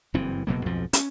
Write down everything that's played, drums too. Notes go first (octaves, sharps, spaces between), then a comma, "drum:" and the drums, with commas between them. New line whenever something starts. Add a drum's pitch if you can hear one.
F#1 G2 E3 C4
F#1 B2 F#3 A#3
B1 F2 G#2 F3
C#4, drum: hi-hat